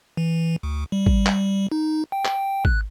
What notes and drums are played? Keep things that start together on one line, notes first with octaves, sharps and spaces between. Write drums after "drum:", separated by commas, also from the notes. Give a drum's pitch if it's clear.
E3
D2
G3
drum: kick
drum: clap
D#4
G5
drum: clap
F#6, drum: kick